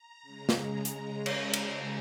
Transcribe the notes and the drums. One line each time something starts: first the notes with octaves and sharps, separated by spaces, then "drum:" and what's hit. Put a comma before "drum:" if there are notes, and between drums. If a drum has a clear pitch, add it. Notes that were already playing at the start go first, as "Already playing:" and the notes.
Already playing: A#5
C#3 G#3
drum: snare
C#3 G#3, drum: hi-hat
drum: cymbal
drum: cymbal